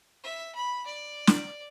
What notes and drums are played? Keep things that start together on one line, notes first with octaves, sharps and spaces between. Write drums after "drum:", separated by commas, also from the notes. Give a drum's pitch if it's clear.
E5
B5
D5
drum: snare